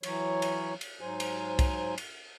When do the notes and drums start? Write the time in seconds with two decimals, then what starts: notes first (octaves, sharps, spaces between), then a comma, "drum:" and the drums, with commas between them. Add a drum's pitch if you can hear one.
0.03 E3 F#3 C#5, drum: cymbal
0.42 drum: cymbal
0.81 drum: cymbal
1.01 G#2 F#3 C5 G#5
1.20 drum: cymbal
1.59 drum: kick, cymbal
1.98 drum: cymbal